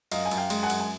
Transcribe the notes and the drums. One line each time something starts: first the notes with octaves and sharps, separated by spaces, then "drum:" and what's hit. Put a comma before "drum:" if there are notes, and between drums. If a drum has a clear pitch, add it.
F#2 D#5 F5, drum: cymbal
G#5
F#2, drum: cymbal
F5 G5
G#3, drum: cymbal
F#5 G#5
F#2, drum: cymbal
G#5